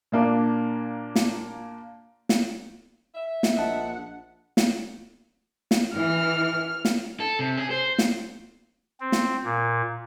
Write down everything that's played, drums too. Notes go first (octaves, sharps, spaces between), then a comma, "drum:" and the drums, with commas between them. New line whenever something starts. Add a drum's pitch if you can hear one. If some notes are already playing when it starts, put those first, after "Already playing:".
A#2 A#3 D4
drum: snare
drum: snare
E5
drum: snare
A#1 D#5 F#5 A5
drum: snare
drum: snare
E3 F6
drum: snare
A4
C3
G#4
C5
drum: snare
C4
drum: snare
A#2